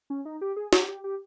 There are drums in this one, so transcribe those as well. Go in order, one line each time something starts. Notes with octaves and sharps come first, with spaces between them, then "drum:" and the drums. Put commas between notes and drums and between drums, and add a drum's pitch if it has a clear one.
C#4
D#4
G4
G#4
G4, drum: snare
G4
G4